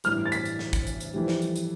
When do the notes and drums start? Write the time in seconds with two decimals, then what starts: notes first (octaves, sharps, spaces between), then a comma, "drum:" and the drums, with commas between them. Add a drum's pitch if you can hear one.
0.04 A1 G2 E3 G3 F6, drum: hi-hat
0.25 A6
0.32 B6, drum: hi-hat
0.45 drum: hi-hat
0.59 drum: snare
0.73 drum: kick, hi-hat
0.87 drum: hi-hat
1.01 drum: hi-hat
1.14 F2 E3 G3
1.28 drum: snare
1.42 drum: hi-hat
1.56 drum: hi-hat